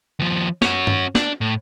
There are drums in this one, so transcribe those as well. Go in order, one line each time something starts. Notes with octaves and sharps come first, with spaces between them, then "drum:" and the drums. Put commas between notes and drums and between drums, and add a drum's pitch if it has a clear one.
D#2 F3
C#4 F#4, drum: snare
drum: tom G2
D4, drum: snare
A2